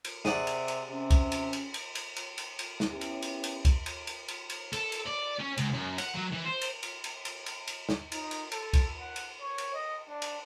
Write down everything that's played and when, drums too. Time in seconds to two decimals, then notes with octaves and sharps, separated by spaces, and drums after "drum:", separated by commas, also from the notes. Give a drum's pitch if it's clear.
0.05 drum: cymbal
0.25 C3 G#4 D5 F#5, drum: snare
0.47 drum: cymbal
0.68 drum: cymbal
0.89 C3 C#4
1.11 drum: kick, cymbal
1.32 drum: cymbal
1.53 drum: cymbal
1.74 drum: cymbal
1.95 drum: cymbal
2.16 drum: cymbal
2.38 drum: cymbal
2.59 drum: cymbal
2.80 drum: snare
2.90 B3 C#4 E4 G4
3.01 drum: cymbal
3.22 drum: cymbal
3.44 drum: cymbal
3.65 drum: kick, cymbal
3.86 drum: cymbal
4.07 drum: cymbal
4.28 drum: cymbal
4.50 drum: cymbal
4.73 A4, drum: cymbal
4.92 drum: cymbal
5.06 D5
5.39 C#4
5.58 C#2, drum: cymbal
5.73 F#2
5.98 F#5, drum: cymbal
6.16 F#3
6.32 E3
6.45 C5
6.62 drum: cymbal
6.83 drum: cymbal
7.04 drum: cymbal
7.25 drum: cymbal
7.46 drum: cymbal
7.67 drum: cymbal
7.89 drum: snare
8.12 D#4, drum: cymbal
8.31 drum: cymbal
8.52 A4, drum: cymbal
8.73 drum: kick, cymbal
9.00 F#5
9.16 drum: cymbal
9.41 C#5
9.58 drum: cymbal
9.74 D#5
10.08 D4
10.22 drum: cymbal